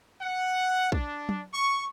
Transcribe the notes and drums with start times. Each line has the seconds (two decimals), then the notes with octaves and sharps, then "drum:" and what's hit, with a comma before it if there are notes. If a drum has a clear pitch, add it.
0.21 F#5
0.92 D4, drum: kick
1.29 drum: tom
1.54 C#6